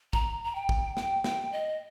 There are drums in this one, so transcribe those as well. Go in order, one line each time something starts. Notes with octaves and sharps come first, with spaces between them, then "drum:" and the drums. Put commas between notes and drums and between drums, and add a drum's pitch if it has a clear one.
A#5, drum: kick
A#5
G5
drum: kick
G5, drum: snare
G5, drum: snare
D#5